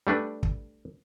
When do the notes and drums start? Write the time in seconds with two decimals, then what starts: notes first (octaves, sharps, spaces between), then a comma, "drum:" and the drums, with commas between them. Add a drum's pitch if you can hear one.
0.07 G3 A3 D4 B4
0.43 drum: kick